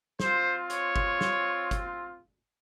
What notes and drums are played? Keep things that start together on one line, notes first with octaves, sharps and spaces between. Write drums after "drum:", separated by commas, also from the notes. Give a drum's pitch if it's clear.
C4 F4 C5, drum: snare
C#5, drum: hi-hat
drum: kick G1
drum: snare
drum: kick G1, hi-hat